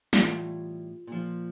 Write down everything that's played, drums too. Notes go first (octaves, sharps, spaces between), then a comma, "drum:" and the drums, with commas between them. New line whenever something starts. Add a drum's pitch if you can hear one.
A2 E3 G3 F4, drum: snare
A#2 F3